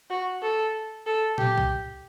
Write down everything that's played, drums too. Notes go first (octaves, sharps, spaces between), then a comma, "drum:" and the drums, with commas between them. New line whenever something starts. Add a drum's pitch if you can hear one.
F#4
A4
A4
G4, drum: tom A#2
drum: kick